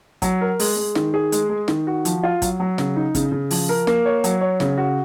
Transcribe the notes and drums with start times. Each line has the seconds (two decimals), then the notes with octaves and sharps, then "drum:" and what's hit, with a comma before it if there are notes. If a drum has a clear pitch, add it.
0.22 F#3, drum: kick, hi-hat
0.41 A#4
0.59 G#3, drum: open hi-hat
0.77 G#3
0.95 D#3, drum: snare
1.14 G#4
1.32 G#3, drum: hi-hat
1.49 G#3
1.68 D#3, drum: snare
1.87 F#4
2.05 F3, drum: hi-hat
2.23 F4
2.42 F#3, drum: kick, hi-hat
2.60 F#3
2.78 C#3, drum: snare
2.96 D#4
3.15 C#3, drum: kick, hi-hat
3.32 C#3
3.51 F3, drum: open hi-hat
3.69 A#4
3.87 A#3, drum: snare
4.05 C#5
4.24 F#3, drum: hi-hat
4.41 C#5
4.60 C#3, drum: snare
4.78 F#4